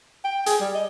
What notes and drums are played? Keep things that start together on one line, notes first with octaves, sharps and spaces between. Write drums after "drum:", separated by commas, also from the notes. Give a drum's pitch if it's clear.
G5
G#4, drum: hi-hat
G3
D#5